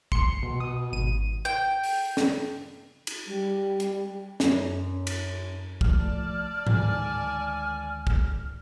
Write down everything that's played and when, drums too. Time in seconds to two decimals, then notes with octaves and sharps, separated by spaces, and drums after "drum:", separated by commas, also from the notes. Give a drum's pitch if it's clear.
0.12 C6 C#7, drum: kick
0.43 B2
0.60 D#6
0.92 G#1 D#7
1.45 G5
1.83 drum: open hi-hat
2.17 drum: snare
3.07 drum: cymbal
3.27 G3
3.80 drum: hi-hat
4.40 F#2, drum: snare
5.07 drum: cymbal
5.81 F3 A3 D5 A5 F6, drum: kick
6.67 D2 D#3 G#3 G#5, drum: tom G#2
8.07 drum: kick